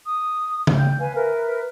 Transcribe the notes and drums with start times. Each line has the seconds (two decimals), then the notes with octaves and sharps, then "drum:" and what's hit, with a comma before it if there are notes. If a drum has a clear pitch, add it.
0.06 D#6
0.67 drum: tom C#3
0.78 G5 G6
0.99 B4 F5 G#5
1.16 A#4 B4 E5